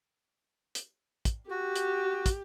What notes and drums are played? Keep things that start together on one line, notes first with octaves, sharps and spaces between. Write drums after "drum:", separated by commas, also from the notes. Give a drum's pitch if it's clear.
drum: hi-hat
drum: kick, hi-hat
F#4 G4
drum: hi-hat
drum: kick, hi-hat